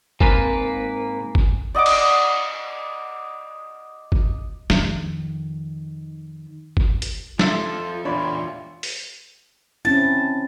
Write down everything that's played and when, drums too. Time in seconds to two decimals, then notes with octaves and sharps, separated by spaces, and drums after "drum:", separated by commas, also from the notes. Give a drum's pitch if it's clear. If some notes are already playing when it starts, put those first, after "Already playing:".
0.21 G#2 A#3 C4 A#4 B4 G#5 A6, drum: kick G1
1.35 drum: kick G1
1.75 D5 D#5 F#5 D6
1.86 drum: cymbal
4.12 drum: kick G1
4.70 F2 D#3, drum: snare
6.77 drum: kick G1
7.02 drum: hi-hat
7.39 F3 F4 A4 E5 E6 A6, drum: snare
8.05 E2 A#2 D4 F4 C#5 B5
8.83 drum: open hi-hat
9.85 C4 C#4 E4 A5